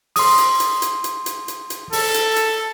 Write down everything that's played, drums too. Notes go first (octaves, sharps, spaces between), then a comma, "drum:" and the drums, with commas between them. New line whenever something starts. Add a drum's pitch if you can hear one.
C6 D#6, drum: open hi-hat
drum: hi-hat
drum: hi-hat
drum: hi-hat
drum: hi-hat
drum: hi-hat
drum: hi-hat
drum: hi-hat
A4, drum: open hi-hat
drum: hi-hat
drum: hi-hat